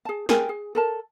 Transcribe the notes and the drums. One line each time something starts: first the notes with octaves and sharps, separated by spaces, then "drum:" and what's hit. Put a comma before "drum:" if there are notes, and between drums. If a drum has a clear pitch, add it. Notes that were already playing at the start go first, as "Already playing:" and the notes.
G#4 A5
G#4 A#4 G5 G#5, drum: snare
G#4
A4 A#4 A5